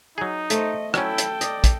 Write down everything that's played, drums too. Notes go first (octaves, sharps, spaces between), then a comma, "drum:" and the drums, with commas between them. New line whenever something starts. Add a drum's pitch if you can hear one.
F#3 D#4 G#4
A3 C5 D#5, drum: hi-hat
F#3 C#4 E4 A4 G5, drum: rim click
drum: hi-hat
D5 D#5, drum: hi-hat
drum: kick, hi-hat